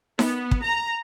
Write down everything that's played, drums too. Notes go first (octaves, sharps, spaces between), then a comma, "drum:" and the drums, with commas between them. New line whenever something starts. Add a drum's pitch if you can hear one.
B3, drum: snare D#4
drum: kick
A#5